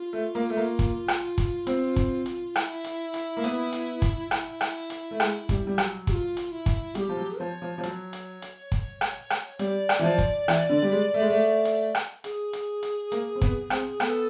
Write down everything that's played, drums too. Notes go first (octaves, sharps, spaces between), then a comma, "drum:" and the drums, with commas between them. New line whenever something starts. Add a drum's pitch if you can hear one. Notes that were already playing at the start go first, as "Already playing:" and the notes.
Already playing: F4
A3
A#3
A3
A#3
drum: kick, hi-hat
drum: rim click
drum: kick, hi-hat
C4, drum: hi-hat
drum: kick, hi-hat
drum: hi-hat
E4, drum: rim click
drum: hi-hat
drum: hi-hat
A#3
B3, drum: hi-hat
drum: hi-hat
drum: kick, hi-hat
E4, drum: rim click
drum: rim click
drum: hi-hat
A3
G#3, drum: rim click
G3, drum: kick, hi-hat
G3
F#3, drum: rim click
G4, drum: kick, hi-hat
F4
drum: hi-hat
E4
drum: kick, hi-hat
G3 G#4, drum: hi-hat
G4
F3
F#3
F3 C#5
F3
F3
F#3 C#5, drum: hi-hat
drum: hi-hat
drum: hi-hat
drum: kick, hi-hat
drum: rim click
drum: rim click
G3 D5, drum: hi-hat
drum: rim click
E3
F3
drum: kick, hi-hat
E3, drum: rim click
D3
G3
G#3
A3
G#3
A3
drum: hi-hat
drum: rim click
G#4, drum: hi-hat
drum: hi-hat
drum: hi-hat
A#3, drum: hi-hat
C4
B3, drum: kick, hi-hat
C4, drum: rim click
B3 A4, drum: rim click